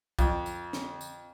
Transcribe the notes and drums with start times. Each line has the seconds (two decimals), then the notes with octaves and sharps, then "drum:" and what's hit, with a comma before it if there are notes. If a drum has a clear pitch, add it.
0.19 F2, drum: kick, tambourine
0.46 drum: tambourine
0.73 drum: snare
1.01 drum: tambourine